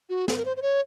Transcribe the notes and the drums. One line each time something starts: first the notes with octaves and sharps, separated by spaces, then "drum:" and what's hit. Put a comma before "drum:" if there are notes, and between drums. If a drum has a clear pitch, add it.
F#4
A4, drum: snare
A#4
C5
C5
C#5